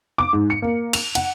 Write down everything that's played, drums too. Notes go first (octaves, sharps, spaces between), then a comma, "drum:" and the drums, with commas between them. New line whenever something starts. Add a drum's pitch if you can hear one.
D6
G#2
C#7
A#3
F7, drum: cymbal
F#5, drum: cymbal